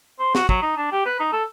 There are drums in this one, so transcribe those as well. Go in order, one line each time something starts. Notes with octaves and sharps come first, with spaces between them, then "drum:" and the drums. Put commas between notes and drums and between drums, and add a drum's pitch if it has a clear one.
C5
F#4, drum: snare
F#3, drum: kick
D#4
D4
G4
B4
D#4
A4